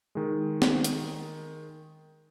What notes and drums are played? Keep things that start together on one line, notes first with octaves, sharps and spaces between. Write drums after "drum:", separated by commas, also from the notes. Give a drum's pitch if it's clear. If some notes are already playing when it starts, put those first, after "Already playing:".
D#3 G#3
drum: snare
drum: hi-hat